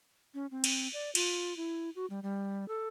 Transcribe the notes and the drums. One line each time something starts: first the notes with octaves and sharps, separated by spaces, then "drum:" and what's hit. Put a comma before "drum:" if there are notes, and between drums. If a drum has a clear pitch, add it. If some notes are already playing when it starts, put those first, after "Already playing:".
C#4
C4
drum: cymbal
D5
F4, drum: cymbal
E4
F#4
G3
G3
A4